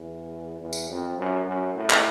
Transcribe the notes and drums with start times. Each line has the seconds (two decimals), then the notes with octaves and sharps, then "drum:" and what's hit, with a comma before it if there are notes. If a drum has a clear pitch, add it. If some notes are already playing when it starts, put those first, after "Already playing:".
Already playing: E2
0.61 E2
0.73 drum: tambourine
0.89 F2
1.18 F#2
1.46 F#2
1.75 A2
1.90 drum: clap